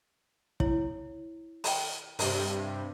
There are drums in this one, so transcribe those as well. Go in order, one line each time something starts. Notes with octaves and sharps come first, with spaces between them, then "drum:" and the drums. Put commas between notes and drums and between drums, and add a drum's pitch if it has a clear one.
E4 C#5, drum: kick
G5 B5, drum: open hi-hat
G2 C3, drum: open hi-hat